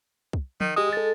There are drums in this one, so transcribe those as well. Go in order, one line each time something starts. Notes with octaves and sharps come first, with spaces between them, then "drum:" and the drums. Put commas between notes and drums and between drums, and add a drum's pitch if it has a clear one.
drum: kick
D#3, drum: tom F3
G#3 G4 D#6
A4 A6